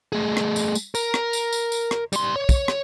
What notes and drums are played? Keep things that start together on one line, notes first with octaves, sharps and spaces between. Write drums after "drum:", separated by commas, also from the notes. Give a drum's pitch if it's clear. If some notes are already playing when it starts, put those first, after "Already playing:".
A3 G#4
drum: rim click
drum: tambourine
drum: tambourine
A#4, drum: tambourine
drum: rim click
drum: tambourine
drum: tambourine
drum: tambourine
drum: rim click
G3 C6, drum: tambourine
C#5
drum: kick, tambourine
drum: rim click